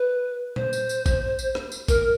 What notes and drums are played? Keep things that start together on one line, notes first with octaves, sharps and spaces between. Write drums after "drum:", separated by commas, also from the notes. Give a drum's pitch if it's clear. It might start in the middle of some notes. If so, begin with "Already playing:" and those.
Already playing: B4
C5, drum: tom A#2
drum: tambourine
drum: tambourine
drum: kick A#1, tambourine
drum: tambourine
drum: rim click
drum: tambourine
A#4, drum: kick A#1, tambourine